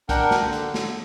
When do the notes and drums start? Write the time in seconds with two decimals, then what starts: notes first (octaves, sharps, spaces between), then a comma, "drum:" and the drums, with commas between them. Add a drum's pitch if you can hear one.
0.09 D4 A#4 F#5 G5, drum: kick, hi-hat
0.31 drum: snare
0.41 D3
0.53 drum: hi-hat
0.74 drum: snare